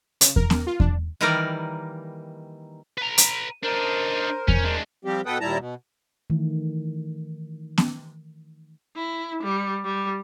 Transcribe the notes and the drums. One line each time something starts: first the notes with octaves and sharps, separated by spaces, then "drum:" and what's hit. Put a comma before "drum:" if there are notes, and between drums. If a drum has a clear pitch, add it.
C#3, drum: hi-hat
A#4, drum: kick E2
drum: snare B3
F4
D4, drum: kick E2
D#3 E3 G3 A#3 A#4 D5
B4 A#5
drum: hi-hat
D4 D#4 A#4 C5
C#4, drum: kick E2
G#3 D4
F3 G3 C4 G4
B2 B3 A4 B4 G5 D#6
D#2 A#2 G3 E4 A5 A#5
B2
D#3 E3 A3
drum: snare B3
E4
G3
G3